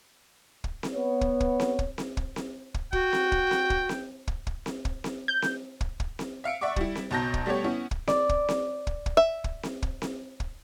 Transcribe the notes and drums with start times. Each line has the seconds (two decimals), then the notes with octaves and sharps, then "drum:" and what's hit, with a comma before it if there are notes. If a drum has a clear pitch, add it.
0.64 drum: kick
0.83 drum: snare C4
0.94 B3 C#5
1.21 drum: kick
1.40 drum: kick
1.60 drum: snare C4
1.79 drum: kick
1.98 drum: snare C4
2.17 drum: kick
2.36 drum: snare C4
2.74 drum: kick
2.93 F#4 G5, drum: kick
3.13 drum: snare C4
3.32 drum: kick
3.51 drum: snare C4
3.70 drum: kick
3.89 drum: snare C4
4.28 drum: kick
4.47 drum: kick
4.66 drum: snare C4
4.85 drum: kick
5.04 drum: snare C4
5.28 G6
5.42 drum: snare C4
5.81 drum: kick
6.00 drum: kick
6.19 drum: snare C4
6.44 E5 F5 C#7 D7
6.61 D5 E5 F#5 C#6 D6
6.76 G3 E4, drum: kick
6.95 drum: snare C4
7.11 B1 B2 A5 A#5 G6 A#6
7.34 drum: kick
7.46 G3 A3 B3 G4 C#5
7.64 B3 C#4 E4
7.91 drum: kick
8.08 D5, drum: snare C4
8.29 drum: kick
8.49 drum: snare C4
8.87 drum: kick
9.06 drum: kick
9.17 E5
9.44 drum: kick
9.63 drum: snare C4
9.82 drum: kick
10.02 drum: snare C4
10.40 drum: kick